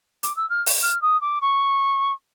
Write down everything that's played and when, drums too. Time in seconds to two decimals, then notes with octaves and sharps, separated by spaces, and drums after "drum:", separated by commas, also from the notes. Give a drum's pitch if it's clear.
0.23 D6, drum: hi-hat
0.36 E6
0.49 F6
0.66 drum: open hi-hat
0.82 F6
1.01 D#6
1.21 D6
1.41 C#6